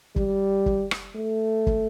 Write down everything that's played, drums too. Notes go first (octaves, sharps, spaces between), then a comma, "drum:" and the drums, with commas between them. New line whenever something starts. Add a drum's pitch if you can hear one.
G3, drum: kick
drum: kick
drum: rim click
A3
drum: kick